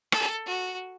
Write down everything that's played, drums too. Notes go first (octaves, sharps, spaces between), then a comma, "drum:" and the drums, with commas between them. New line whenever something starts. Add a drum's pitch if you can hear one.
A4, drum: rim click
F#4